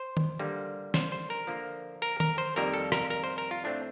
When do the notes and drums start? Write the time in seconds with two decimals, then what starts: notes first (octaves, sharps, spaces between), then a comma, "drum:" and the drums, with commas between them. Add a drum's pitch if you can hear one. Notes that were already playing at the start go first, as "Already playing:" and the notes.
Already playing: C5
0.17 drum: tom D#3
0.39 D3 G3 A#3
0.94 C5, drum: snare
1.12 C5
1.30 A#4
1.47 D3 F3 A#3
2.02 A#4
2.20 A#4, drum: tom D#3
2.38 C5
2.56 F2 D#3 G3 A#3 A#4
2.74 A4
2.92 A#4, drum: rim click
3.10 A#4
3.24 C5
3.38 A#4
3.51 F4
3.64 A2 A3 C4 D4